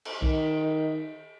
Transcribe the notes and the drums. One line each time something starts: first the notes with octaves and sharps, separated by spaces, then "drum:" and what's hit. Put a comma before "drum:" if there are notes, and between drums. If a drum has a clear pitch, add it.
drum: cymbal
D#3, drum: kick